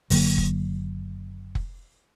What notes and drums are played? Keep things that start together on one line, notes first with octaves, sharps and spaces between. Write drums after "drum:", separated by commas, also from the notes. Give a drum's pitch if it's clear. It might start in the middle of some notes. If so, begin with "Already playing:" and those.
F#1 D3 F#3 A#3, drum: open hi-hat
drum: kick F1
drum: kick F1